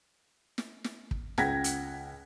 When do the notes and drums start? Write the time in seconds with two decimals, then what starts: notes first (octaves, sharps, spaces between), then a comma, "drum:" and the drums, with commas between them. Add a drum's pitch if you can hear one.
0.58 drum: snare
0.84 drum: snare
1.11 drum: kick
1.38 C#2 F#5 G5 G#6 A#6 B6, drum: snare
1.64 drum: hi-hat